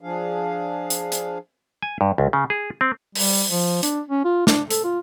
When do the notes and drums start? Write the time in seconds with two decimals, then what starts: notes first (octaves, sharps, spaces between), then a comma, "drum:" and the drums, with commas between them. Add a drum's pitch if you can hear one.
0.01 F3 D4 G#4 F5
0.90 drum: hi-hat
1.12 drum: hi-hat
1.82 G#5
2.01 G2
2.18 C#2
2.33 C#3
2.50 G#4
2.81 C4
3.15 G3, drum: open hi-hat
3.51 F3
3.83 D4, drum: hi-hat
4.09 C#4
4.25 F4
4.47 D4, drum: snare
4.70 A4, drum: hi-hat
4.84 F4